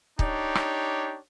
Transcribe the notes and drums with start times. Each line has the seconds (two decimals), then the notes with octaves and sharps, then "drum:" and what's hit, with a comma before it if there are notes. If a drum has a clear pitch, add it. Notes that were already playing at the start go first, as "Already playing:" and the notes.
0.19 D4 D#4 G4 C#5, drum: kick
0.55 drum: rim click